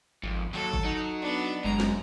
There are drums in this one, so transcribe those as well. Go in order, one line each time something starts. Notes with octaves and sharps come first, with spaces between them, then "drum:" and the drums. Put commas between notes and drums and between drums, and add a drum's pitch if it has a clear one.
G#1 F2
D#2 F#3 A4
drum: kick
F#3 D#4 F#4
B3 D4
G1 F#2 G#3 A#5
drum: snare